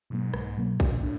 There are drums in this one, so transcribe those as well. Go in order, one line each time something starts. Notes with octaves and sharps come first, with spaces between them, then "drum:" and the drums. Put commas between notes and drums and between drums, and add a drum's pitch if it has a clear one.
G#2 B2 F#3 A#3
C2, drum: rim click
B2 F#3 A#3
C#2 A#2, drum: kick, hi-hat
A2 D4